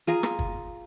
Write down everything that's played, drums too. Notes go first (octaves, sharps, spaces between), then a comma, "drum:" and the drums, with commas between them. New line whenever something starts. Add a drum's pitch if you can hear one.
F4 G#4 A#5
drum: rim click
drum: kick